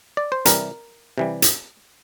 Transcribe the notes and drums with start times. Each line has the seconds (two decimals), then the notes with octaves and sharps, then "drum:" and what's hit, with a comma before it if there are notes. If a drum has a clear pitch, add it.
0.17 D5
0.32 C5
0.45 C3 E3 G3 A#4, drum: hi-hat
1.18 C3 E3 G3
1.42 drum: hi-hat